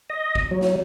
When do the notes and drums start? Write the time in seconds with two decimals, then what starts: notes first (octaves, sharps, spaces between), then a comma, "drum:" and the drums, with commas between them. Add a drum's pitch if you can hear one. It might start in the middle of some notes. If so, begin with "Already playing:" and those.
0.10 D#5
0.35 drum: kick
0.51 F#3
0.61 drum: snare